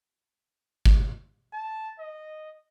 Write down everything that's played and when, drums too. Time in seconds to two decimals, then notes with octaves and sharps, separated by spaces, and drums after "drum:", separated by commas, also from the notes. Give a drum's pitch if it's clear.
0.85 drum: kick G1
1.53 A5
1.99 D#5